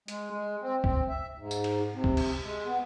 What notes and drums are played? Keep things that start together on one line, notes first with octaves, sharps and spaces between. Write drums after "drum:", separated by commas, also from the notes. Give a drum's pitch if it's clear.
G#3, drum: hi-hat
G#3
C4
C4, drum: kick C#2
E5
G#2
drum: tambourine
drum: cymbal
C3
drum: kick C#2
drum: cymbal
G#3
B3